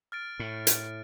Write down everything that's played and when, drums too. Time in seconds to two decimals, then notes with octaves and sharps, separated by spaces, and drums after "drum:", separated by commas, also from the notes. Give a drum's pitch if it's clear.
0.12 F6 A6 D7
0.39 A2
0.67 drum: hi-hat